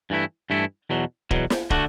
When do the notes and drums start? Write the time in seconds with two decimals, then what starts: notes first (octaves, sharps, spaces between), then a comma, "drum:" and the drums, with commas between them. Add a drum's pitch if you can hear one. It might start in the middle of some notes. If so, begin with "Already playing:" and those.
0.10 G2 E3 A3 E4
0.50 G2 E3 A3 E4
0.90 E2 B2 F#3
1.31 E2 B2 F#3, drum: kick
1.50 drum: snare
1.70 D3 A3 D4 F#4, drum: kick